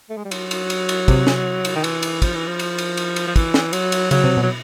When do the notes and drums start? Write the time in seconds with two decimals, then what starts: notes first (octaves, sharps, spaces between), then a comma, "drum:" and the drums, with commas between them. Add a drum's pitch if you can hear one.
0.10 A3
0.17 G#3
0.25 G3
0.31 F#3, drum: cymbal
0.51 drum: cymbal
0.70 drum: cymbal
0.89 drum: cymbal
1.08 C3, drum: kick, cymbal
1.27 drum: snare
1.65 drum: cymbal
1.76 D#3
1.84 E3, drum: cymbal
2.03 drum: cymbal
2.22 F3, drum: kick, cymbal
2.35 E3
2.47 F3
2.59 drum: cymbal
2.78 drum: cymbal
2.97 drum: cymbal
3.16 drum: cymbal
3.27 F3
3.36 E3, drum: kick, cymbal
3.54 drum: snare
3.73 F#3, drum: cymbal
3.92 drum: cymbal
4.11 C#3 F#3, drum: cymbal
4.24 C3
4.37 B2
4.43 F#3